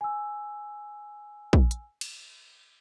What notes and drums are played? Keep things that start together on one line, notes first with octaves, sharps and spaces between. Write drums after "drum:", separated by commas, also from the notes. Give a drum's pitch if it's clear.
G#5 E6
drum: kick
drum: hi-hat
drum: cymbal